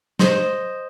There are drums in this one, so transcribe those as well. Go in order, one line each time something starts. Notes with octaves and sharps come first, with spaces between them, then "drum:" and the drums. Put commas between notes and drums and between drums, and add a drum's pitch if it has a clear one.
C5 D#5, drum: snare